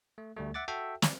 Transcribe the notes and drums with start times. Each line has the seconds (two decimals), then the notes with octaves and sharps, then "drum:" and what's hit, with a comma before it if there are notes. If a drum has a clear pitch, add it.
0.18 A3
0.36 D2 G3 A3
0.54 E5 F#5 D6 A6
0.68 F#4 A4 E5 G5
1.02 D5, drum: snare